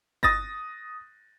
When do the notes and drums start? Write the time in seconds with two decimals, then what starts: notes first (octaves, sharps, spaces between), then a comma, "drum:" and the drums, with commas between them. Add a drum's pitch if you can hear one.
0.23 D#6 A6 A#6, drum: kick G1